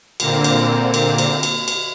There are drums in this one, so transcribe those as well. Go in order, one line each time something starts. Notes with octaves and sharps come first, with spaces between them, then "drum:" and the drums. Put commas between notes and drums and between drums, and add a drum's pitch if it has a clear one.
A#2 D3 A#3 C4, drum: cymbal
drum: cymbal
drum: cymbal
drum: cymbal
drum: cymbal
drum: cymbal